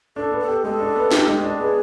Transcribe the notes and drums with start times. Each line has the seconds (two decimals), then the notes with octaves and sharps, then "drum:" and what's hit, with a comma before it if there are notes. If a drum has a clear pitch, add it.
0.16 D4 A4
0.31 B3
0.40 A4
0.48 G4
0.64 G#3 A4
0.80 D4
0.96 B3
1.11 G4, drum: snare
1.27 G#3
1.44 D4
1.58 B3 G#4